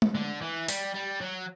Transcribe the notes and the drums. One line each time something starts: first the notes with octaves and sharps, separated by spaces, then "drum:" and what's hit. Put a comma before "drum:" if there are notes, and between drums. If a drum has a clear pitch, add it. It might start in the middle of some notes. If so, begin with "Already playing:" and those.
drum: tom G#3
D3
E3
G3, drum: open hi-hat
G3
F#3